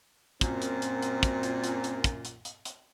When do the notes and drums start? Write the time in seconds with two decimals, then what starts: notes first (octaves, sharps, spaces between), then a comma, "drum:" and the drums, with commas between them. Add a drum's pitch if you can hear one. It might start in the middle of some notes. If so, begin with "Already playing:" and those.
0.41 F#2 A#2 C4, drum: kick, hi-hat
0.62 drum: hi-hat
0.82 drum: hi-hat
1.02 drum: hi-hat
1.23 drum: kick, hi-hat
1.43 drum: hi-hat
1.64 drum: hi-hat
1.84 drum: hi-hat
2.04 drum: kick, hi-hat
2.25 drum: hi-hat
2.45 drum: hi-hat
2.65 drum: hi-hat